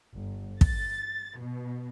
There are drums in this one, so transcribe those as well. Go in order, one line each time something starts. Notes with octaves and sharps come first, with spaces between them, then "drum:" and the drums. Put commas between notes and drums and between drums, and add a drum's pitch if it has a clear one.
G1
A6, drum: kick
B2